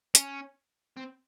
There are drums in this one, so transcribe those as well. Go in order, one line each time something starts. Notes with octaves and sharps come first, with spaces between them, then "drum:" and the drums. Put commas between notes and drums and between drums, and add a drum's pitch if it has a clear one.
C#4, drum: hi-hat
C4